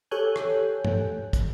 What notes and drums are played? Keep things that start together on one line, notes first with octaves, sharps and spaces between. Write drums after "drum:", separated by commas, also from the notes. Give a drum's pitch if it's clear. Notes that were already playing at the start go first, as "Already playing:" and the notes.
G4 A4 C#5 G#5 F#6 G6
drum: rim click
drum: tom
drum: kick, hi-hat